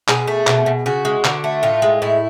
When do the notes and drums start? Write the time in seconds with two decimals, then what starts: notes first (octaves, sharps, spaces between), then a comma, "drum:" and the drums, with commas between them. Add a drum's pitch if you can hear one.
0.08 B2 G#4, drum: clap
0.28 A3
0.47 B2, drum: clap
0.66 B2
0.86 C#3 F#4
1.05 G#3
1.24 D3, drum: clap
1.44 A3
1.63 A2 F4
1.82 G#3
2.02 A2 E4